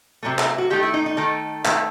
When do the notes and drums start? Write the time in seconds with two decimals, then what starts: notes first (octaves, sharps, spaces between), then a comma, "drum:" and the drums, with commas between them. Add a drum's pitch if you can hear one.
0.23 C3 D#3 F#3 A3
0.39 drum: clap
0.58 F#4
0.70 D#3 A3 G4
0.83 E4
0.94 D#4
1.06 D#4
1.17 D#3 A3 A4
1.65 D#3 A3, drum: clap